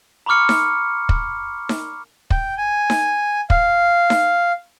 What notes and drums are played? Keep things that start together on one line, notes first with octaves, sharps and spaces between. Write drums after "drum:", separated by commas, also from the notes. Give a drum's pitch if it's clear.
A#5 B5 C#6 D6 F6 C#7
drum: snare D#4
drum: kick
drum: snare D#4
G5, drum: kick
G#5
drum: snare D#4
F5, drum: kick
drum: snare D#4